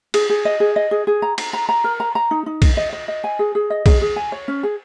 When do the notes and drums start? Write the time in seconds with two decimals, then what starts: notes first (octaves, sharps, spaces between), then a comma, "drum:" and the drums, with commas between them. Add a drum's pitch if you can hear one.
0.14 G#4, drum: cymbal
0.30 G#4
0.45 D#5
0.60 G#4
0.76 D#5
0.91 G#4
1.07 G#4
1.22 A#5
1.38 A#5, drum: cymbal
1.53 A#5
1.69 A#5
1.84 A#4
2.00 A#5
2.15 A#5
2.31 D#4
2.46 D#4
2.62 D#5, drum: kick A#1, cymbal
2.77 D#5
2.93 D#5
3.08 D#5
3.24 G#5
3.39 G#4
3.55 G#4
3.70 D#5
3.86 G#4, drum: kick A#1, cymbal
4.02 G#4
4.16 G#5
4.32 C#5
4.48 C#4
4.63 G#4